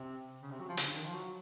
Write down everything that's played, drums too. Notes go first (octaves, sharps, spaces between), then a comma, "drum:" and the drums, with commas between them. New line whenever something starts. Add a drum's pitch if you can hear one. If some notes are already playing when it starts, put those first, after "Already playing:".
Already playing: C3
C#3
C3
F#3
F3
C#3, drum: hi-hat
D3
D#3
F3
F#3